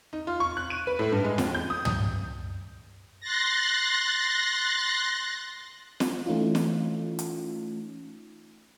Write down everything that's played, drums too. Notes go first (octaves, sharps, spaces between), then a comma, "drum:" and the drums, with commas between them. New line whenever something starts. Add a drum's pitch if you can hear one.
D#4
F4
C#6
F#6
D#7
B4
A2
G2
G#3
D#2, drum: snare
G6
D#6
drum: tom
C6 F#6 A6 A#6
drum: snare
E3 A3 C#4 D#4 F4
drum: snare
drum: hi-hat